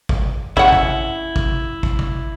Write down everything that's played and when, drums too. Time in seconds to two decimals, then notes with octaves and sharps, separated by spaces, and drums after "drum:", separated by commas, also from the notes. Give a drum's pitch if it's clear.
0.09 drum: kick
0.57 C#4 E4 F#5, drum: kick
0.73 drum: kick
1.36 drum: kick
1.83 drum: kick
1.99 drum: kick